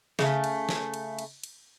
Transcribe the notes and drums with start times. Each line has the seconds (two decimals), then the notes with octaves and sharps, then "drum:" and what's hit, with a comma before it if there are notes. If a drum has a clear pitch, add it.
0.19 C#3 A3, drum: snare
0.44 drum: cymbal
0.69 drum: snare
0.94 drum: cymbal
1.19 drum: cymbal
1.43 drum: cymbal